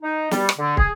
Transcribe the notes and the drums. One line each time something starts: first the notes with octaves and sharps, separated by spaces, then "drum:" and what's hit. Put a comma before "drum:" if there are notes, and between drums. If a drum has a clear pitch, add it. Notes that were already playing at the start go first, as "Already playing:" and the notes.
D#4
G3, drum: snare
drum: rim click
D3
G#4, drum: kick